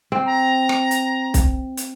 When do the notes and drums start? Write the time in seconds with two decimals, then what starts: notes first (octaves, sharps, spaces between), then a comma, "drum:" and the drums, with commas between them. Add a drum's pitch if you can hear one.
0.12 C4
0.26 A#5
0.69 drum: rim click
0.91 drum: hi-hat
1.34 drum: kick B1, hi-hat
1.77 drum: hi-hat